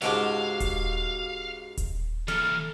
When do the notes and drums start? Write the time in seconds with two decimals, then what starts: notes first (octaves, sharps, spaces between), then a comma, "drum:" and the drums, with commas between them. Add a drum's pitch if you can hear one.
0.02 C#2 G#2 G#3 F#4 G4 F5 A5
0.60 drum: kick D#1, hi-hat
1.77 drum: kick D#1, hi-hat
2.28 E3 A#3 A4 F6